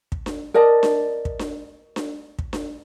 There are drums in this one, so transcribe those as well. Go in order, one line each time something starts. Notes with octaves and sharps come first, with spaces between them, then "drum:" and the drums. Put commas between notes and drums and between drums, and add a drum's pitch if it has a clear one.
drum: kick
drum: snare D4
A#4 D5 D#5 A5
drum: snare D4
drum: kick
drum: snare D4
drum: snare D4
drum: kick
drum: snare D4